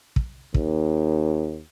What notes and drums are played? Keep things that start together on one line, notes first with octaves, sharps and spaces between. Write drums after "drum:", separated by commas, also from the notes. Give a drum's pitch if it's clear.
drum: kick
D#2, drum: kick